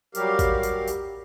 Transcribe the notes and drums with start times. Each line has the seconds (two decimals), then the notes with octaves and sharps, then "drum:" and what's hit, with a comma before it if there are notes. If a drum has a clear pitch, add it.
0.15 F#3 G3 G4 A#4 F5, drum: tambourine
0.39 drum: kick G#1, tambourine
0.63 drum: tambourine
0.88 drum: tambourine